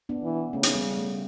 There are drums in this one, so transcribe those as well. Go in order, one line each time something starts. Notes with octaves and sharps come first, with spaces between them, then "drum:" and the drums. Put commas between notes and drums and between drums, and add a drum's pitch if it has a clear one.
B3 D4
E3
C#3 A3 C#4
drum: hi-hat
G3 B3
A3